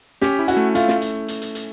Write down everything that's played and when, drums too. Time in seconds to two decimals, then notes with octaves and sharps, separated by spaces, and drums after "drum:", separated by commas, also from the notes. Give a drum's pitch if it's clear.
0.21 C#4 G4, drum: snare
0.39 E4
0.48 F#4, drum: hi-hat
0.57 A3
0.75 A3 F4, drum: hi-hat
0.88 drum: snare
1.02 drum: hi-hat
1.28 drum: hi-hat
1.42 drum: hi-hat
1.55 drum: hi-hat